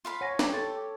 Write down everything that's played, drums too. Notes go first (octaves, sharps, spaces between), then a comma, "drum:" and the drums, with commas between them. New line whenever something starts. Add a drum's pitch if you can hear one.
F4 F5 B5
C#5 F#5 G#5 A#6
G4, drum: snare
A4 C6 A6